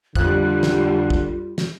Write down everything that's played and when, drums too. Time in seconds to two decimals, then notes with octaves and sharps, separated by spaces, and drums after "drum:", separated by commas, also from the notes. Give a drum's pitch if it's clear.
0.15 F2 D3 G3 F4 F#6, drum: kick
0.63 drum: snare
1.10 drum: kick
1.58 drum: snare